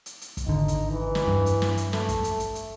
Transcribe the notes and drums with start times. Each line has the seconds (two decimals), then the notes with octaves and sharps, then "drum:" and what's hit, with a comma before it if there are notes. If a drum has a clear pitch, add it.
0.06 drum: hi-hat
0.21 drum: hi-hat
0.37 drum: kick, hi-hat
0.47 G#1 D3 D#4
0.68 drum: hi-hat
0.91 E3
1.15 drum: snare
1.27 G2
1.46 drum: hi-hat
1.62 drum: snare
1.77 drum: hi-hat
1.93 A3, drum: snare
2.08 drum: kick, hi-hat
2.24 drum: hi-hat
2.40 drum: hi-hat
2.55 drum: hi-hat